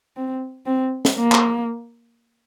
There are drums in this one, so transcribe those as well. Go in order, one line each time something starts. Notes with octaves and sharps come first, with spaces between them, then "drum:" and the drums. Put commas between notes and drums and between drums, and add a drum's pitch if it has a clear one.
C4
C4
drum: snare
A#3
drum: clap